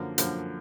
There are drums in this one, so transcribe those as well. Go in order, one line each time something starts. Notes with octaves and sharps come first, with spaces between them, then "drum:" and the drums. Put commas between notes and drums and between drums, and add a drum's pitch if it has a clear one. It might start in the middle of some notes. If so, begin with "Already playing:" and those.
Already playing: F#2 D3 F3 A#3
F#2 D3 F3 A#3, drum: hi-hat